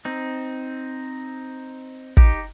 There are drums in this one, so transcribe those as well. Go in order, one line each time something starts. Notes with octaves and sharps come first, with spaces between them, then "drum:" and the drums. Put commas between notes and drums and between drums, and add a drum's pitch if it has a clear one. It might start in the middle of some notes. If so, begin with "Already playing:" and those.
C4 D#4
D#4 G4, drum: kick